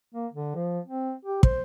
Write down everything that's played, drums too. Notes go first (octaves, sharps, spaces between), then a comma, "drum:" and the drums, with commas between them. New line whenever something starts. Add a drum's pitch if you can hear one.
A#3
D3
F3
C4
G4
C5, drum: kick